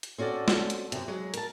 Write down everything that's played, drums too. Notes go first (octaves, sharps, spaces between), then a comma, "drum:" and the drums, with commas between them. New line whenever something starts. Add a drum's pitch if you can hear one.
drum: hi-hat
C4 C#4 F#4 A4 D5
drum: snare
drum: hi-hat
F#2 C3, drum: hi-hat
F#3 G#3
A#4 A5, drum: hi-hat